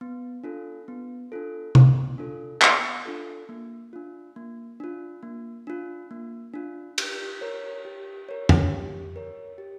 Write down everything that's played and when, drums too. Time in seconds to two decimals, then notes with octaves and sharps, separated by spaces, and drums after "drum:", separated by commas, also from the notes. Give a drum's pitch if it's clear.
0.01 B3
0.44 D4 F4 A4
0.88 B3
1.32 D4 F4 A4
1.75 B3, drum: tom
2.18 D4 F4 A4
2.62 B3, drum: clap
3.05 D4 F4 A4
3.49 A#3
3.93 D4 F4
4.36 A#3
4.80 D4 F4
5.23 A#3
5.67 D4 F4
6.11 A#3
6.54 D4 F4
6.98 G4, drum: cymbal
7.41 A#4 C#5
7.85 G4
8.29 A#4 C#5
8.49 drum: tom F2
8.71 G4
9.16 A#4 C#5
9.58 G4